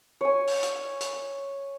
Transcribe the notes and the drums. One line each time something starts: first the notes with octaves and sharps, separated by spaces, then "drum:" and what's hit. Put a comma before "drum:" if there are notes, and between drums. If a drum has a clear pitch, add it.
C#5 G#5
drum: open hi-hat
drum: hi-hat
drum: hi-hat